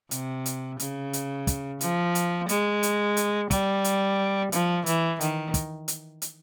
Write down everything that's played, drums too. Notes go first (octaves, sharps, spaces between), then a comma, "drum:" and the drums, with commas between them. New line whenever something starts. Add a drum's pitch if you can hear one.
C3, drum: hi-hat
drum: hi-hat
C#3, drum: hi-hat
drum: hi-hat
drum: kick, hi-hat
F3, drum: hi-hat
drum: hi-hat
G#3, drum: hi-hat
drum: hi-hat
drum: hi-hat
G3, drum: kick, hi-hat
drum: hi-hat
F3, drum: hi-hat
E3, drum: hi-hat
D#3, drum: hi-hat
drum: kick, hi-hat
drum: hi-hat
drum: hi-hat